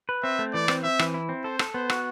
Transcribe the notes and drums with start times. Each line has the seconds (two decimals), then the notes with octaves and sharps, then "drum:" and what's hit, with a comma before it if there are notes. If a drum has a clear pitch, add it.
0.09 B4
0.23 C4 E5
0.39 A3
0.54 E3 D5
0.68 C4, drum: rim click
0.84 C4 E5
0.99 E3, drum: rim click
1.14 E4
1.29 C4
1.44 A4 C5
1.59 A4, drum: rim click
1.74 B3 C5
1.90 F#4, drum: rim click